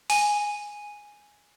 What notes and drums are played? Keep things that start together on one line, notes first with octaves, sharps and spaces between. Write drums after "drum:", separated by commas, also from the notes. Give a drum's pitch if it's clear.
G#5, drum: open hi-hat